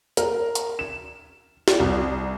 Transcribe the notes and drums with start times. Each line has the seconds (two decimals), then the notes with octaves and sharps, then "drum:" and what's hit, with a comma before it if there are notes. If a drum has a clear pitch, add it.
0.17 A#4, drum: hi-hat
0.55 drum: hi-hat
0.79 E7
1.68 drum: snare
1.80 C2